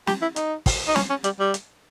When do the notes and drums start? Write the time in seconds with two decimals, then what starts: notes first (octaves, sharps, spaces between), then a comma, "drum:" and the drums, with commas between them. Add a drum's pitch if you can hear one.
0.07 G4, drum: snare
0.22 E4
0.36 D#4, drum: hi-hat
0.66 drum: kick, open hi-hat
0.88 D#4
0.96 C#4, drum: snare
1.10 C#4
1.24 G3, drum: hi-hat
1.39 G3
1.54 drum: hi-hat